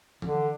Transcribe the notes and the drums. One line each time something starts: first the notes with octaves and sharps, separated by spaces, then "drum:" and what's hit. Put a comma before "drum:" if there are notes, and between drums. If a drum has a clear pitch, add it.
D3, drum: tom E3